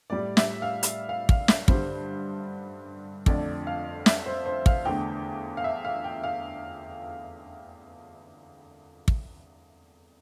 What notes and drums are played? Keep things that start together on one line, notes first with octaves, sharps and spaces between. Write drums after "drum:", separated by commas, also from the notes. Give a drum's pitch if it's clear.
A2 G3 D5
E5, drum: snare
F5
drum: hi-hat
F5
F5, drum: kick
E5, drum: snare
G2 D3 G3 C5, drum: kick
F2 D3 A3 D5, drum: kick
F5
E5, drum: snare
C5
C5
F5, drum: kick
E2 D3 A3 G5
F5
E5
F5
G5
F5
drum: kick